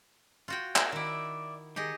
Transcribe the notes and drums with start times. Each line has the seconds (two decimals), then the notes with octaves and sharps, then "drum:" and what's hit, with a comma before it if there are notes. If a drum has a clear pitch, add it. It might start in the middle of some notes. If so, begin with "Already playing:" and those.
0.48 F4 F#4 G5
0.76 G#4 A#4 E5, drum: clap
0.92 D#3 E4 D5 E5
1.76 D#3 G4 G#4 D#5